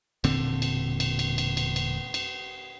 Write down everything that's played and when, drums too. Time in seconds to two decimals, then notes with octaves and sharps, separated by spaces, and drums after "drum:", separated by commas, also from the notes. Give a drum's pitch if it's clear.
0.24 E1 A#2 D3 C4, drum: cymbal
0.62 drum: cymbal
1.00 drum: cymbal
1.19 drum: cymbal
1.38 drum: cymbal
1.57 drum: cymbal
1.76 drum: cymbal
2.14 drum: cymbal